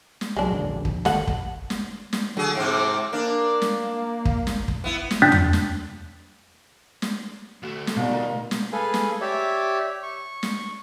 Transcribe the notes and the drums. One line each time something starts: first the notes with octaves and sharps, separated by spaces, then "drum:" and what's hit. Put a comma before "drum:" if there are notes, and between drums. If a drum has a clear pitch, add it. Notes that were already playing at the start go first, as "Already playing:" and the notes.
drum: snare
C2 F#3 G#3 D4
E1 A#1 D3
drum: kick
D#2 A4 F#5, drum: snare
drum: kick
drum: snare
drum: snare
D3 F#3 G#4
G#2 C3 C4 D6
A#3 D4
drum: snare
drum: kick
drum: snare
drum: kick
B3 E4
drum: snare
D4 G5 F#6 G6 A6 B6
drum: tom E2
drum: snare
drum: snare
D2 A3 F#4
drum: snare
B2 G3 D#4 F4
A#4
drum: snare
G#4 A4 B4 F5 G#5
drum: snare
G4 C#5 D5 E5
C#6
drum: snare